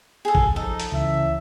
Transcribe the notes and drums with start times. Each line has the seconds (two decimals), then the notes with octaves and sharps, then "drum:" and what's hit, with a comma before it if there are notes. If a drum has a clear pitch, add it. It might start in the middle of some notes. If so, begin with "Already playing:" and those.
0.25 G#4 A4
0.35 drum: kick
0.56 F3 D#4 A4
0.80 drum: hi-hat
0.92 C#2 E3 C#4 E5